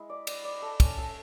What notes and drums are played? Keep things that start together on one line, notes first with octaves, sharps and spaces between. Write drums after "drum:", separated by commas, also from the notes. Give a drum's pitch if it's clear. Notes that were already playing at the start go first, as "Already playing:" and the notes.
Already playing: G#3 E4
D5
D5, drum: cymbal
D5
A4
C#4, drum: kick, cymbal
A4